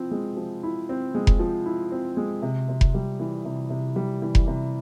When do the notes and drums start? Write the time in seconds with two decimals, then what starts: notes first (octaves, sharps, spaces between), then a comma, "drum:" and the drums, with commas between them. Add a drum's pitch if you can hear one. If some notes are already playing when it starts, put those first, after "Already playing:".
Already playing: F3 C4 E4
0.11 G#3
0.37 F3
0.63 E4
0.89 C4
1.15 G#3
1.27 drum: kick F1
1.39 F3
1.66 E4
1.92 C4
2.17 G#3
2.42 C3
2.69 C3
2.81 drum: kick F1
2.94 G3
3.20 E3
3.45 C3
3.70 C3
3.96 G3
4.22 E3
4.35 drum: kick F1
4.47 C3